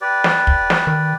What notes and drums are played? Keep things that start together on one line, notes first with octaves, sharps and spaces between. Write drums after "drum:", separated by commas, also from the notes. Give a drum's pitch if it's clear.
G4 B4 D5
drum: snare
drum: kick
drum: snare
D#3